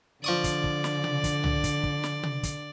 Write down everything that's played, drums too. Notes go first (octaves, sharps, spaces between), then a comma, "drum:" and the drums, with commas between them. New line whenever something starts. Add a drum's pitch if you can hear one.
D3 F3 D5 C#6 D#6
drum: kick, hi-hat
drum: kick
drum: snare
drum: tom C3
drum: kick, hi-hat
drum: tom C2
drum: kick, hi-hat
drum: kick
drum: snare
drum: tom C3
drum: kick, hi-hat